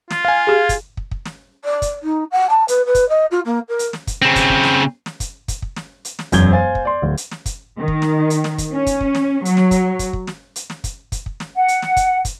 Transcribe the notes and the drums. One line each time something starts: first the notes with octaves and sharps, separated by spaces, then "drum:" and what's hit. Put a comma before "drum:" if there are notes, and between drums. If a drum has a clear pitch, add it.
F4, drum: snare
F5 G#5
G4 G#4
drum: kick, hi-hat
drum: kick
drum: kick
drum: snare
D5
drum: kick, hi-hat
D#4
F#5
A5
B4, drum: hi-hat
B4
drum: kick, hi-hat
D#5
F4
A#3
A#4
drum: hi-hat
drum: snare
drum: kick, hi-hat
C#3 C4
drum: kick, hi-hat
drum: kick
drum: snare
drum: snare
drum: kick, hi-hat
drum: kick, hi-hat
drum: kick
drum: snare
drum: hi-hat
drum: snare
E1 F#2 F#3 G6 G#6 G7, drum: kick, hi-hat
C5 F5 G#5 A6
drum: kick
D5 C6
D1
drum: hi-hat
drum: snare
drum: kick, hi-hat
D#3
drum: kick
drum: snare
drum: hi-hat
drum: snare
drum: kick, hi-hat
C#4
drum: kick, hi-hat
drum: kick
drum: snare
F#3, drum: hi-hat
drum: snare
drum: kick, hi-hat
drum: kick, hi-hat
drum: kick
drum: snare
drum: hi-hat
drum: snare
drum: kick, hi-hat
drum: kick, hi-hat
drum: kick
drum: snare
F#5
drum: hi-hat
drum: snare
drum: kick, hi-hat
drum: kick, hi-hat